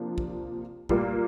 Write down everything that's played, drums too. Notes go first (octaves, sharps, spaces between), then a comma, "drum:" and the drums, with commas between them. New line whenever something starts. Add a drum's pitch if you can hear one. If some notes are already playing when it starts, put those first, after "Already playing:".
Already playing: C3 F3 A#3 D4
drum: kick
A#2 G3 A#3, drum: kick